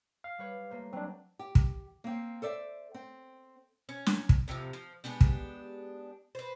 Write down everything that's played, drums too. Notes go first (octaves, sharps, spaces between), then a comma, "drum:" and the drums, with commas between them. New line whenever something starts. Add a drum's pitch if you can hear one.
F5
G3 B4 C#5
A3 A#3 C5
F#3 C4 D4
G4
drum: kick
A#3 C4
A4 C5 D5 E5
C4
C#4
drum: snare
drum: kick
A2 C3 D#3 F3
F3
G#3 B3 D4 G4
drum: kick
B4 C5